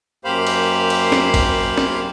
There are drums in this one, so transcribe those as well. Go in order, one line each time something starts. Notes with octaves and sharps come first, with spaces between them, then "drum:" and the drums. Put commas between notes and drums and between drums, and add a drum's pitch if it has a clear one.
F#2 A#3 G4 C5 F5 B5
drum: cymbal
drum: cymbal
drum: snare
drum: kick G#1, cymbal
drum: snare